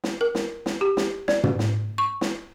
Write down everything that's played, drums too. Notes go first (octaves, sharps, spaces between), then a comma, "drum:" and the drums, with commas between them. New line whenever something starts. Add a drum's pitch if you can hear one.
drum: snare
A#4
drum: snare
drum: snare
G4
drum: snare
D5, drum: snare
drum: tom
drum: snare
C#6
drum: snare